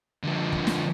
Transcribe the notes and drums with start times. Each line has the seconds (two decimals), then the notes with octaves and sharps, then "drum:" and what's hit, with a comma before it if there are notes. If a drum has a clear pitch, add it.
0.24 D3 F3
0.52 drum: kick
0.67 drum: snare